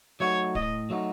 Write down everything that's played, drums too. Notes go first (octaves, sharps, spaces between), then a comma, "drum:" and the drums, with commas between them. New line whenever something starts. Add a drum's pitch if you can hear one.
F#3 A3 D#4 F#4 C#5
A2 D#5, drum: kick D1
F#3 A3 D#4 F#4